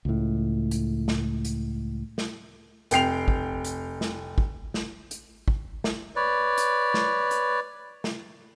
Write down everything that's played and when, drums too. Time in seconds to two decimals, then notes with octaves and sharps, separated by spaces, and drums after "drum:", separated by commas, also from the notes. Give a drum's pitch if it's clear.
0.05 C#2 A2
0.71 drum: hi-hat
1.08 drum: snare
1.45 drum: hi-hat
2.18 drum: snare
2.91 F1 G5 C7 F7, drum: hi-hat
3.28 drum: kick
3.64 drum: hi-hat
4.01 drum: snare
4.38 drum: kick
4.74 drum: snare
5.11 drum: hi-hat
5.48 drum: kick
5.84 drum: snare
6.16 B4 C#5 D5
6.58 drum: hi-hat
6.94 drum: snare
7.31 drum: hi-hat
8.04 drum: snare